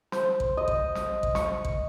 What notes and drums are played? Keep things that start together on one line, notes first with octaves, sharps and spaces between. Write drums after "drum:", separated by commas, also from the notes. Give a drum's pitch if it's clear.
C5, drum: snare
drum: kick A1
D#5
drum: kick A1
drum: snare
drum: kick A1
C#6, drum: snare
drum: kick A1